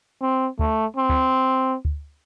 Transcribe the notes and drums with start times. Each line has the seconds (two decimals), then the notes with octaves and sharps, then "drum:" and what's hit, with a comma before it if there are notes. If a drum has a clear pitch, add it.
0.22 C4
0.59 A3, drum: kick D2
0.97 C4
1.09 drum: kick D2
1.85 drum: kick D2